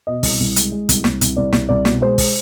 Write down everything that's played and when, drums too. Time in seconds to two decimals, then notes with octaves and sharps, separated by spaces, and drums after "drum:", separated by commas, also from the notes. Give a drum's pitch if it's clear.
0.07 B2 D#5
0.23 C2, drum: kick, open hi-hat
0.40 C2
0.56 G#3, drum: hi-hat
0.72 G#3
0.89 C2, drum: kick, hi-hat
1.04 C2, drum: snare
1.21 C2, drum: hi-hat
1.37 C2 D5
1.53 C2, drum: snare
1.69 C2 D5
1.85 B2, drum: snare
2.01 G#3 C5
2.18 drum: kick, open hi-hat